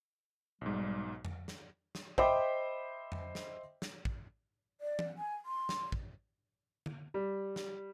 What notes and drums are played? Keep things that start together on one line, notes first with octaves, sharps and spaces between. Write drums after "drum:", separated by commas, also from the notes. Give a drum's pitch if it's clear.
B1 G#2 G3
drum: tom F2
drum: snare
drum: snare
C5 D#5 E5 G5 B5 D6, drum: kick
drum: tom F2
drum: snare
drum: snare
drum: kick
D5
drum: tom
G#5
C6
drum: snare
drum: kick
drum: tom
G3
drum: snare